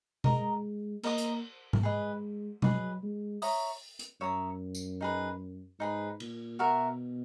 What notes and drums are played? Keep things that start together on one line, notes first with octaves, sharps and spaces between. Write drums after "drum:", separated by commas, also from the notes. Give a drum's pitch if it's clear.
G#3 A#4 D#5 A#5 D#6, drum: tom B2
A#3 A#4 D#5 A#5 D#6, drum: cymbal
drum: hi-hat
drum: tom G#2
G#3 G#4 B4 D#5
F#3 G#4 B4 D#5, drum: tom B2
G#3
C#5 E5 A#5 D#6, drum: open hi-hat
drum: hi-hat
F#2 C#5 E5 A#5 D#6
drum: tambourine
D#4 G#4 B4
G#2 D#4 G#4 B4
A#2, drum: cymbal
B2 F#4 A#4 E5